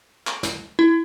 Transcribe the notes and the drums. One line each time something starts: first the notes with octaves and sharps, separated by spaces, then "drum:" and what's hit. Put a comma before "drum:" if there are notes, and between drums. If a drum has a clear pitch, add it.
drum: clap
drum: snare
E4